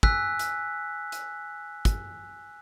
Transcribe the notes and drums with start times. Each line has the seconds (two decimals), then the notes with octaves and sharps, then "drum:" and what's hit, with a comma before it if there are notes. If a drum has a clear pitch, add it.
0.03 G#5 E6 F#6 B6, drum: kick
0.39 drum: hi-hat
1.12 drum: hi-hat
1.85 drum: kick, hi-hat